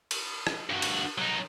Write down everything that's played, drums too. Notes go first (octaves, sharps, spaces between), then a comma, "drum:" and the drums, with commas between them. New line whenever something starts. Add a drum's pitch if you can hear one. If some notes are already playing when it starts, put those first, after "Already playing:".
drum: cymbal
drum: rim click
G2 F#4
drum: cymbal
F#3 D#4